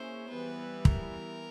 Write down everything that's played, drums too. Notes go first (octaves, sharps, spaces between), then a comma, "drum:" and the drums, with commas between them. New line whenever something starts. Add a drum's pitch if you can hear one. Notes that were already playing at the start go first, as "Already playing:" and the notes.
Already playing: A#3 C#4 E4 G#4 C5
E3 G3 B3 B4
A#4, drum: kick